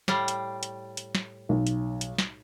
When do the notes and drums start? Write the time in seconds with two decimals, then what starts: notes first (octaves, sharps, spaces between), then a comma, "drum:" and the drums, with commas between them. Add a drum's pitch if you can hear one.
0.08 A2 G3 F5, drum: snare
0.28 drum: hi-hat
0.63 drum: hi-hat
0.97 drum: hi-hat
1.15 drum: snare
1.49 B1
1.67 drum: hi-hat
2.01 drum: hi-hat
2.19 drum: snare